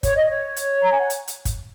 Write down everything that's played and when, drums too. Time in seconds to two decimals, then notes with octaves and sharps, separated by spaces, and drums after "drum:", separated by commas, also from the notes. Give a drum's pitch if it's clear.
0.03 C#5, drum: kick G1, hi-hat
0.17 D#5
0.29 C#5
0.56 drum: hi-hat
0.81 A#5
0.90 G#5
1.01 F#5
1.10 drum: hi-hat
1.28 drum: hi-hat
1.45 drum: kick G1, hi-hat